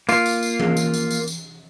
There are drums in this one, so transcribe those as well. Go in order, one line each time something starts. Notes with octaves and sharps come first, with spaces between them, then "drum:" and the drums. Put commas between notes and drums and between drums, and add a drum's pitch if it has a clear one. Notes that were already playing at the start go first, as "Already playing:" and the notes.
A#3 F4, drum: tambourine
drum: tambourine
drum: tambourine
drum: tom E3
drum: tambourine
drum: tambourine
drum: tambourine
drum: tambourine